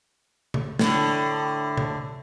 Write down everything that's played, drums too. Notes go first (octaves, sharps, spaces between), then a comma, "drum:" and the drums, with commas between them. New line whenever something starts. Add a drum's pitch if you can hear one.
drum: tom C3
A2 D3, drum: snare
drum: tom C3